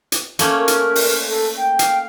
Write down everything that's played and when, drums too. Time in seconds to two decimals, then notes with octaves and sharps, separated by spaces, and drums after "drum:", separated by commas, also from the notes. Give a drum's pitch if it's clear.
0.12 drum: hi-hat
0.39 A3 A#3 C#4, drum: hi-hat
0.58 A#4
0.68 drum: hi-hat
0.95 drum: open hi-hat
1.29 A4
1.58 G5
1.79 F5, drum: hi-hat